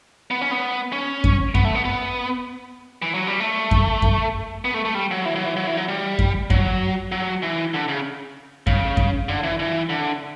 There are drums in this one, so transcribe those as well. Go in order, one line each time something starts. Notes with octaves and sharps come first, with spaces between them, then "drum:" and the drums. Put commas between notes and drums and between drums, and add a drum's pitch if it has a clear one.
B3
C#4
B3
C#4
drum: kick F#2
B3, drum: kick F#2
A3
B3
B3
E3
F#3
G3
A3
drum: kick F#2
drum: kick F#2
B3
A3
A3
G3
F#3
E3
F#3
E3
F#3
E3
F#3
G3
drum: kick F#2
F#3, drum: kick F#2
F#3
E3
D3
C#3
C#3, drum: kick F#2
drum: kick F#2
D3
E3
E3
D3